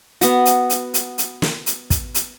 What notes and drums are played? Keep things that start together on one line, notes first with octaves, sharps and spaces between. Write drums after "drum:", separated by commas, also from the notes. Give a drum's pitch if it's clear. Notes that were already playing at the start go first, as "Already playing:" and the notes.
B3 F#4, drum: hi-hat
drum: hi-hat
drum: hi-hat
drum: hi-hat
drum: hi-hat
drum: snare
drum: hi-hat
drum: kick, hi-hat
drum: hi-hat